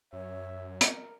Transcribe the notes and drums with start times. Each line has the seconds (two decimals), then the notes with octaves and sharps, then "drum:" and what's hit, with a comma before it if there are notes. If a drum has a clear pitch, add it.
0.13 F#2 C#5 E5
0.81 A#4, drum: hi-hat